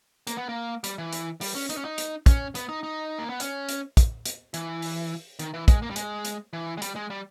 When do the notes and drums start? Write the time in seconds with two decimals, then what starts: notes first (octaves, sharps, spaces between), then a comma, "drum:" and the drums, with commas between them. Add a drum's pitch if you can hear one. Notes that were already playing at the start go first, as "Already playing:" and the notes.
0.27 A#3, drum: hi-hat
0.38 B3
0.49 A#3
0.84 G3, drum: hi-hat
0.98 E3
1.13 drum: hi-hat
1.41 G3, drum: open hi-hat
1.55 C#4
1.70 D#4, drum: hi-hat
1.77 C#4
1.85 D#4
1.98 drum: hi-hat
2.26 C#4, drum: kick, hi-hat
2.55 B3, drum: hi-hat
2.69 D#4
2.83 D#4
3.19 A#3
3.29 B3
3.40 C#4, drum: hi-hat
3.69 drum: hi-hat
3.97 drum: kick, hi-hat
4.26 drum: hi-hat
4.54 E3, drum: hi-hat
4.82 drum: open hi-hat
5.39 D#3, drum: hi-hat
5.54 E3
5.68 G#3, drum: kick, hi-hat
5.82 A#3
5.90 G3
5.96 G#3, drum: hi-hat
6.25 drum: hi-hat
6.53 E3
6.78 G#3
6.82 G3, drum: hi-hat
6.96 G#3
7.10 G3